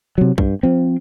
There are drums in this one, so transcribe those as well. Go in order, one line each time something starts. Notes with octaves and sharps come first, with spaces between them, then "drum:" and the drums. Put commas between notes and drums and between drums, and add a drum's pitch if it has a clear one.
C3 F#3
G2, drum: kick B1
F3 C4